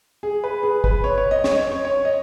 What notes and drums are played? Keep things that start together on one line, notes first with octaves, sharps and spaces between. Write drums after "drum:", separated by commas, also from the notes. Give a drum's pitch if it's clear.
G#4
B4
G#4
B4, drum: kick
C#5
C#5
D#5
C#5, drum: snare
C#5
C#5
C#5
D#5